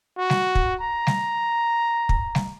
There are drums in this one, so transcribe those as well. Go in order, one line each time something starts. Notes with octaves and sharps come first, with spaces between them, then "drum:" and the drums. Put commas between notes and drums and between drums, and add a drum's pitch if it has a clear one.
F#4
drum: snare G3
drum: kick
A#5
drum: snare G3
drum: kick
drum: snare G3